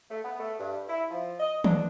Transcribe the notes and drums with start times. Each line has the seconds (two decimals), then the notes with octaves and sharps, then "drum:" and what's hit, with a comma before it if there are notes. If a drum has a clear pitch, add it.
0.11 A3
0.25 B3
0.40 A3
0.60 G2
0.89 E4
1.11 F3
1.40 D#5
1.64 D4, drum: tom D#3